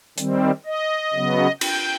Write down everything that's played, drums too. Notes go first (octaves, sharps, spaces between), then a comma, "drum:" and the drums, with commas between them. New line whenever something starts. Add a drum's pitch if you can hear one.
D#3 G3 C4, drum: hi-hat
D#5
C#3 F#3 B3
G5, drum: cymbal